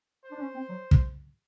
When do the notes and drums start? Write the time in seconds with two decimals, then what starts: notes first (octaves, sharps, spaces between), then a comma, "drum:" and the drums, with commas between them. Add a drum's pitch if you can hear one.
0.25 C5
0.31 D4
0.39 C#4
0.54 C4
0.69 F#3
0.91 drum: kick